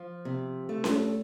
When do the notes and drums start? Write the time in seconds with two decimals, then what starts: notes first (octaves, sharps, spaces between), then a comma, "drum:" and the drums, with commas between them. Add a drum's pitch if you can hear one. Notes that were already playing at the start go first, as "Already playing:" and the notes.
Already playing: F3
0.25 C3
0.69 A3
0.84 drum: snare C#4